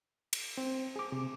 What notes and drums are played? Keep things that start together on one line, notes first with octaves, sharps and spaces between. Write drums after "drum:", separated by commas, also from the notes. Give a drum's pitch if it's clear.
drum: cymbal
C4
G#4 D6
C3